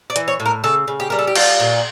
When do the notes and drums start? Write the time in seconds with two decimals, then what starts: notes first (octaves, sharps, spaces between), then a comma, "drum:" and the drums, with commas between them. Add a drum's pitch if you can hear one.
0.10 D5
0.16 E3, drum: hi-hat
0.28 C#5
0.40 A2
0.46 A#4
0.64 C#3 A4
0.88 C#3
1.00 G4
1.10 G3 A#4
1.19 A4
1.27 G4
1.35 G3 F4, drum: cymbal
1.60 A#2